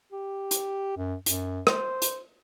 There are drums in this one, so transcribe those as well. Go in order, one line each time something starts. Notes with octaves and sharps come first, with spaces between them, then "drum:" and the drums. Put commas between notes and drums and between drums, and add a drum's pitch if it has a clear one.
G4
drum: hi-hat
F#2
F#2, drum: hi-hat
C5, drum: rim click
drum: hi-hat